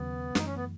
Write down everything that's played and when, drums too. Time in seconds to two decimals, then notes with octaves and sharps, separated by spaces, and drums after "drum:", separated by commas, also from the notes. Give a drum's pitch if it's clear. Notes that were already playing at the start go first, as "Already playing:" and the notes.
Already playing: D#2 C#3 F#3 B3
0.35 F#2 E3 A3 D#4, drum: snare
0.45 C#4
0.55 B3